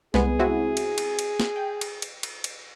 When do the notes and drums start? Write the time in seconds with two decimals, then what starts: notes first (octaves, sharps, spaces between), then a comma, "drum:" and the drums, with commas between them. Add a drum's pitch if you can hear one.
0.14 C2 G#3 B3 G#4, drum: snare
0.39 C4 E4 F#4
0.77 drum: cymbal
0.98 drum: cymbal
1.19 drum: cymbal
1.40 drum: snare
1.56 G5
1.81 drum: cymbal
2.02 drum: cymbal
2.23 drum: cymbal
2.44 drum: cymbal